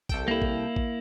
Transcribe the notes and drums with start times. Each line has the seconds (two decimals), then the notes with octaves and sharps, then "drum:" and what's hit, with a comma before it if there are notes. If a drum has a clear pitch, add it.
0.09 C2 A4 G5, drum: kick A1
0.28 A#3 E4
0.42 drum: kick A1
0.76 drum: kick A1